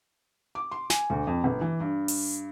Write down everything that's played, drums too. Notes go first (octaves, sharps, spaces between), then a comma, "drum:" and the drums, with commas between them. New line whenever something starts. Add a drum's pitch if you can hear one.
D6
C6
G#5, drum: snare
D2
F2
G1
E3
G2
drum: open hi-hat